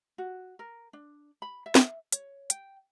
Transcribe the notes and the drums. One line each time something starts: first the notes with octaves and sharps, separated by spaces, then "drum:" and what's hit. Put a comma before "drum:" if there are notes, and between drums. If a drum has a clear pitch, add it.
F#4
A#4
D4
B5
E5
drum: snare
C#5, drum: hi-hat
G5, drum: hi-hat